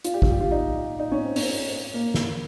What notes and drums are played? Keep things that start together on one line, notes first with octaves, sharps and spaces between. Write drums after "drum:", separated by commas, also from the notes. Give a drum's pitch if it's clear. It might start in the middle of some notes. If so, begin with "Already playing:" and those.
F4, drum: hi-hat
G4
F4, drum: kick
G4
F4
D#4
D#4
C#4
C4
C#4, drum: open hi-hat
A#3
drum: snare